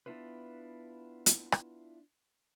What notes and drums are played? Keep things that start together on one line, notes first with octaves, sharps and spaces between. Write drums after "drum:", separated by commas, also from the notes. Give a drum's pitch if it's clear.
B3 D4 E4 F4 B4
drum: hi-hat
drum: rim click